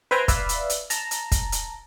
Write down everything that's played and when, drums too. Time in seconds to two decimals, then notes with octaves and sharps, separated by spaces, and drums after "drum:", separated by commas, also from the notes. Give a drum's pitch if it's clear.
0.11 B4 C5 E5 G5 G#5 A#5
0.28 B4 D5 E5 F5, drum: kick, hi-hat
0.49 drum: hi-hat
0.70 drum: hi-hat
0.90 A5 A#5, drum: hi-hat
1.11 drum: hi-hat
1.32 drum: kick, hi-hat
1.52 drum: hi-hat